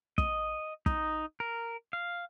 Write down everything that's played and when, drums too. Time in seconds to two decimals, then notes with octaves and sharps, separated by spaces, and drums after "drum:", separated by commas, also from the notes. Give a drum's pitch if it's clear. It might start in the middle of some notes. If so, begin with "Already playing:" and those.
0.18 D#5, drum: kick
0.86 D#4, drum: kick
1.40 A#4
1.93 F5